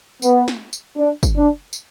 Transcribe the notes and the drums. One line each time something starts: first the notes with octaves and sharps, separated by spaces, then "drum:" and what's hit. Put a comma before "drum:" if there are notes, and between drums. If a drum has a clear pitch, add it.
B3, drum: tambourine
drum: snare
drum: tambourine
D4
drum: kick, tambourine
D4
drum: tambourine